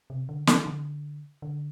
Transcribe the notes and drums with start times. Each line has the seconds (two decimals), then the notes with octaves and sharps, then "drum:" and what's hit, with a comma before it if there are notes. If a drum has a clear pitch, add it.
0.10 C3
0.29 D3
0.47 E3, drum: snare
0.66 D3
1.42 D3